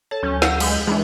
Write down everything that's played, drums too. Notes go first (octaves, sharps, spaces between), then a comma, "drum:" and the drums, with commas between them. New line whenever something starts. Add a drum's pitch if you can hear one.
A4 C#5 A5
D2 F#3 C#4 G6
F5 F#5 E6 A#6, drum: snare
G#3 B6, drum: cymbal
E3 G#3 D4